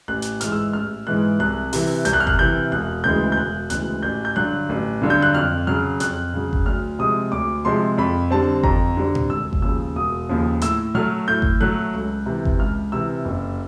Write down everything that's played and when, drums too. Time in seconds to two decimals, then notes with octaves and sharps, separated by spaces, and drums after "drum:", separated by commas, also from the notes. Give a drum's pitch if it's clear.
0.08 A1 F#6
0.22 drum: hi-hat
0.41 G#2 E3 G#3 F6, drum: hi-hat
0.52 E6
0.73 A1 F6
1.07 G#2 E3 G#3 F#6
1.40 C2 F#6
1.73 C3 E3, drum: open hi-hat
2.05 C2 G6, drum: hi-hat
2.13 F#6
2.20 F6
2.27 F#6, drum: kick G1
2.39 C3 E3 G6
2.72 E1 F#6
3.04 D2 C#3 E3 G#3 G6
3.32 G6
3.37 E1 F#6
3.70 D2 C#3 E3 G#3 F#6, drum: hi-hat
4.03 A1 G6
4.25 G6
4.36 G2 D3 F#3 F#6
4.69 A1
5.02 G2 D3 F#3
5.10 G6
5.22 F#6
5.35 F2 F6
5.67 C#3 F#3 F6
6.00 F2 F#6, drum: hi-hat
6.33 C#3 F#3
6.53 drum: kick G1
6.66 D2 F6
6.99 C3 F3 G#3 D#6
7.32 D2 D6
7.65 C3 F3 G#3 C6
7.98 F2 B5
8.31 D3 G3 C4 A5
8.63 F2 A#5, drum: kick G1
8.97 D3 G3 C4
9.15 drum: tom A2
9.30 E1 E6
9.53 drum: kick G1
9.62 D#2 C#3 F3 E6
9.95 E1 D#6
10.29 D#2 C#3 F3
10.61 A2 E6, drum: hi-hat
10.95 F#3 A3 F6
11.28 A2 G6
11.42 drum: kick G1
11.61 F#3 A3 F#6
11.94 C#2
12.26 C3 E3
12.45 drum: kick G1
12.59 C#2 F6
12.92 C3 E3 E6
13.25 F#1